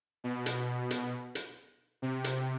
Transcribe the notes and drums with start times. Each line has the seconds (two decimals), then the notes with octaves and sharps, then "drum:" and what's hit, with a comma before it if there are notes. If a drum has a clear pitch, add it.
0.24 B2
0.46 drum: hi-hat
0.91 drum: hi-hat
1.35 drum: hi-hat
2.02 C3
2.24 drum: hi-hat